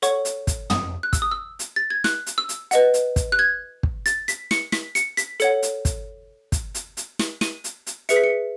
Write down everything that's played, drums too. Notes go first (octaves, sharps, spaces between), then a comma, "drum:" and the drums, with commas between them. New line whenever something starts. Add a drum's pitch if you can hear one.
A4 C#5 F#5 C#6, drum: hi-hat
drum: hi-hat
drum: kick, hi-hat
D#6, drum: tom
F#6
E6, drum: kick, hi-hat
D#6
E6
drum: hi-hat
A6
G#6
F#6, drum: snare
drum: hi-hat
E6
drum: hi-hat
B4 D#5 F#5, drum: hi-hat
drum: hi-hat
drum: kick, hi-hat
F#6
G#6
drum: kick
A6, drum: hi-hat
B6, drum: hi-hat
C#7, drum: snare
B6, drum: snare
C#7, drum: hi-hat
B6, drum: hi-hat
A4 C#5 F#5 C#7, drum: hi-hat
drum: hi-hat
drum: kick, hi-hat
drum: kick, hi-hat
drum: hi-hat
drum: hi-hat
drum: snare
D#7, drum: snare
drum: hi-hat
drum: hi-hat
G#4 B4 E5 C#7, drum: hi-hat
B6
C#7